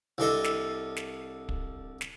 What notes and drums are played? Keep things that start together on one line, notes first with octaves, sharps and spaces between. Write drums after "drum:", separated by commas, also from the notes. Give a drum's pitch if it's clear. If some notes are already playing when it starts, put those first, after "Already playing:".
C2 D4 A4 D#5
drum: snare
drum: snare
drum: kick
drum: snare